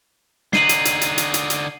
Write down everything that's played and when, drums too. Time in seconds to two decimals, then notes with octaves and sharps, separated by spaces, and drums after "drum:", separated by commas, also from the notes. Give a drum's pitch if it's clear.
0.53 D3 D#4 C7 D#7 F#7, drum: snare
0.69 drum: hi-hat
0.85 drum: hi-hat
1.01 drum: hi-hat
1.18 drum: hi-hat
1.34 drum: hi-hat
1.50 drum: hi-hat